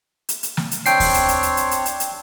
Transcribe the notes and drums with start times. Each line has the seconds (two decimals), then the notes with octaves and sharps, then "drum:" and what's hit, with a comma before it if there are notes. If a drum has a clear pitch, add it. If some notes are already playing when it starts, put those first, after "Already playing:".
0.29 drum: hi-hat
0.43 drum: hi-hat
0.57 drum: snare
0.71 drum: hi-hat
0.86 C4 D4 C#5 G5 C7, drum: hi-hat
1.00 drum: kick D#2, open hi-hat
1.14 drum: hi-hat
1.28 drum: hi-hat
1.43 drum: hi-hat
1.57 drum: hi-hat
1.71 drum: hi-hat
1.86 drum: hi-hat
2.00 drum: hi-hat